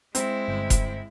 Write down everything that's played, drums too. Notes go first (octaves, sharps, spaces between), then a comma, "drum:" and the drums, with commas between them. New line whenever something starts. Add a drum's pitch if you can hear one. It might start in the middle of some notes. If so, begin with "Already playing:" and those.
G#3 C4 E4, drum: hi-hat
G1 G5
drum: kick F1, hi-hat